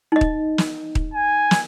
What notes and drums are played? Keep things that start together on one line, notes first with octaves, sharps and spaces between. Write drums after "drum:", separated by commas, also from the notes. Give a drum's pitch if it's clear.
D#4 D#5
drum: kick D#1
drum: snare
drum: kick D#1
G#5
drum: snare